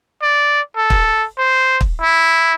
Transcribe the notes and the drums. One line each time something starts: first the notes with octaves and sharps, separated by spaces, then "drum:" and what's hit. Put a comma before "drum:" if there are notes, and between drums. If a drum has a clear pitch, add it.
D5
A4
drum: kick
C5
drum: kick
E4